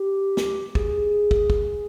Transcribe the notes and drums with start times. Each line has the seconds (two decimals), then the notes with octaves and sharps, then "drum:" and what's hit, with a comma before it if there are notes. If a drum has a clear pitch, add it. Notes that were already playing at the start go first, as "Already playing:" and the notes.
Already playing: G4
0.37 drum: snare
0.75 G#4, drum: kick
1.31 drum: kick
1.50 drum: kick